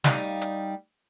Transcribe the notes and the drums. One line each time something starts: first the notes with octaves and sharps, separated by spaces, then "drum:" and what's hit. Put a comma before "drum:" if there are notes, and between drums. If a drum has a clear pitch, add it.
G3 D#4 F5, drum: snare
drum: hi-hat